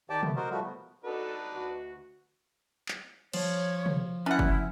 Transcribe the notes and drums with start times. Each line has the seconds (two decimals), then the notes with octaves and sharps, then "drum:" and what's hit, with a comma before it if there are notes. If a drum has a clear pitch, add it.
0.10 D#3 G4 D5 G5 A5 D6
0.23 A3 B3, drum: tom
0.36 F#4 A#4 C5 D#5
0.50 F3 G3 A3 F#4
0.63 B3
1.05 D4 D#4 F#4 A4 B4
1.55 D2 F#4
2.88 drum: clap
3.33 F3 C#5, drum: cymbal
3.86 drum: tom
4.26 C#4 D4 E4 F#5
4.39 drum: kick